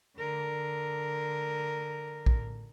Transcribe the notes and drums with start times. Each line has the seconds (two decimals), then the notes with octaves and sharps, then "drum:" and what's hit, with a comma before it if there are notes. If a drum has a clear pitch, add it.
0.18 D3 A#4
2.26 drum: kick A#1